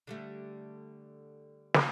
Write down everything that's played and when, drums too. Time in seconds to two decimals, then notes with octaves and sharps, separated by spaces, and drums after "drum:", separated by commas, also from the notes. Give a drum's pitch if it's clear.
0.07 D3 G3 A3
1.74 drum: snare